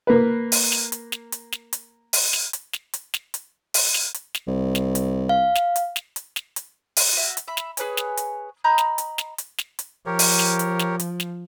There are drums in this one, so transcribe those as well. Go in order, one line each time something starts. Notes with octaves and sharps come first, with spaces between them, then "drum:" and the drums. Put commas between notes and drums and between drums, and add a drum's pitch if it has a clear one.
A#3 B4
drum: open hi-hat
drum: snare
drum: hi-hat
drum: snare
drum: hi-hat
drum: snare
drum: hi-hat
drum: open hi-hat
drum: snare
drum: hi-hat
drum: snare
drum: hi-hat
drum: snare
drum: hi-hat
drum: open hi-hat
drum: snare
drum: hi-hat
drum: snare
C2
drum: snare
drum: hi-hat
F5
drum: snare
drum: hi-hat
drum: snare
drum: hi-hat
drum: snare
drum: hi-hat
drum: open hi-hat
F#4 E5
drum: hi-hat
E5 B5
drum: snare
G#4 B4 C#5 G#5, drum: hi-hat
drum: snare
drum: hi-hat
D#5 A#5 B5 G6
drum: snare
drum: hi-hat
drum: snare
drum: hi-hat
drum: snare
drum: hi-hat
F3 G4 A#4 C#5
drum: open hi-hat
drum: snare
drum: hi-hat
drum: snare
drum: hi-hat
drum: snare